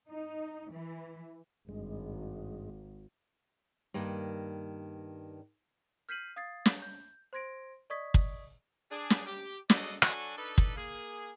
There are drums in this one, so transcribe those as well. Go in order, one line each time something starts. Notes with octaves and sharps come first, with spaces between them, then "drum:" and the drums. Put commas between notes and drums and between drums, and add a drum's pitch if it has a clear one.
D#4
E3
G#1 G2 G#3
G2 D#3 A#3
F6 G6 B6 C7 D#7 F#7
F5 D#6 G#6 A6 C7
drum: snare
G6
C5 C6 G#6 A#6 D7
D5 D#5 C#6 D#6 G#6 B6
drum: kick
D4 G#4
drum: snare
G4
F#4 G#4 A4 D5 D#5, drum: snare
F#3 D4 F#4 A4 G#5, drum: rim click
D4 D#4 A4 B4
drum: kick
A#3 G#4